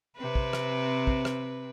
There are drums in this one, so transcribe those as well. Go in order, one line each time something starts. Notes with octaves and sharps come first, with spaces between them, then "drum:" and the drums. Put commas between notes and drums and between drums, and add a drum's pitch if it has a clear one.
C3 C4 B4
drum: kick
drum: rim click
drum: kick
drum: rim click